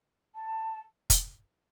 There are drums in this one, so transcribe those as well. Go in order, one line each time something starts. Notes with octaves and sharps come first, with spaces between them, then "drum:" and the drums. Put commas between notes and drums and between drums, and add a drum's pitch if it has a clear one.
A5
drum: kick, hi-hat